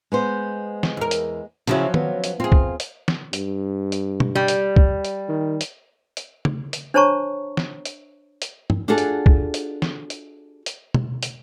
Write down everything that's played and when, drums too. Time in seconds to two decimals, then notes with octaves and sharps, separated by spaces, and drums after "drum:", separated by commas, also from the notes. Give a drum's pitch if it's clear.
0.12 G#3 B3 C5
0.83 drum: snare
0.97 E2 A#4
1.11 drum: hi-hat
1.67 C#3 F3 F#3 C#4 E4, drum: hi-hat
1.94 B3, drum: tom D#3
2.24 drum: hi-hat
2.40 C4 F4 G#4
2.52 drum: kick
2.80 drum: hi-hat
3.08 drum: snare
3.33 G2, drum: hi-hat
3.92 drum: hi-hat
4.20 drum: tom B2
4.35 G3
4.48 drum: hi-hat
4.76 drum: kick
5.05 drum: hi-hat
5.29 D#3
5.61 drum: hi-hat
6.17 drum: hi-hat
6.45 drum: tom C#3
6.73 drum: hi-hat
6.94 D4 C5 C#5 A5 A#5 C#6
7.57 drum: snare
7.85 drum: hi-hat
8.42 drum: hi-hat
8.70 drum: tom
8.88 D4 F4 F#4 G#4 A4
8.98 drum: hi-hat
9.26 drum: kick
9.54 drum: hi-hat
9.82 drum: snare
10.10 drum: hi-hat
10.66 drum: hi-hat
10.94 drum: tom B2
11.23 drum: hi-hat